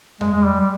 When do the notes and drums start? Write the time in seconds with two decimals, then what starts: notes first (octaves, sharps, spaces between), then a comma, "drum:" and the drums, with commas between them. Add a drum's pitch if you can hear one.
0.21 G#3, drum: tom F2
0.34 G#3
0.45 G3
0.60 G3